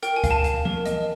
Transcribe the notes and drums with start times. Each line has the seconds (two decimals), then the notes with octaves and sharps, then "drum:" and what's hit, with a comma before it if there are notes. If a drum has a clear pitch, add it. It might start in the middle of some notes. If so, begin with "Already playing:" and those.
0.03 A#4 G5, drum: hi-hat
0.16 G#5
0.24 F5, drum: kick C#2, hi-hat
0.31 A5
0.44 F5, drum: hi-hat
0.65 A#4, drum: tom E3
0.86 D#5, drum: hi-hat